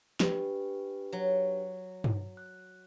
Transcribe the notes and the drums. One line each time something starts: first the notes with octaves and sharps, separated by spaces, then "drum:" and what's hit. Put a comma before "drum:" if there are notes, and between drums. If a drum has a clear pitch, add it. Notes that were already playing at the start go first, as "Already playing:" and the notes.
D4 G4 B4, drum: snare
F#3
drum: tom G2
F#6